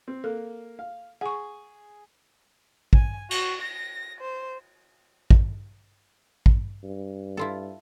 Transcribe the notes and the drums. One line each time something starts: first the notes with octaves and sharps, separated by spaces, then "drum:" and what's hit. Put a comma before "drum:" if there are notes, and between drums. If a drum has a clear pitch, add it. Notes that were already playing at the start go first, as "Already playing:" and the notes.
C4
A#3 A4
F5
G#4 F#5 C#6
G#5, drum: kick A1
F#4, drum: cymbal
A#6
C5
drum: kick A1
drum: kick A1
G2
E4 F4 A4